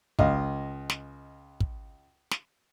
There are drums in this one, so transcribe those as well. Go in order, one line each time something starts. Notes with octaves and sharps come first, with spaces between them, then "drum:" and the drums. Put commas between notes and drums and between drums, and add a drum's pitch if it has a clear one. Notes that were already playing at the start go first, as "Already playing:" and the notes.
C#2 D#5 F5, drum: kick
drum: snare
drum: kick
drum: snare